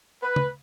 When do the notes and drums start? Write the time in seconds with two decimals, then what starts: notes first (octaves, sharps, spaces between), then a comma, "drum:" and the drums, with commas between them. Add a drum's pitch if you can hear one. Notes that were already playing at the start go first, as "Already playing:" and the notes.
0.23 B4
0.36 drum: tom